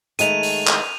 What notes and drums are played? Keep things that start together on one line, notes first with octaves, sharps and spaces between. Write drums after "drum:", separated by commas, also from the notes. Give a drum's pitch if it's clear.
D#3 G#3 A3 D#7 F7, drum: hi-hat
drum: open hi-hat
drum: clap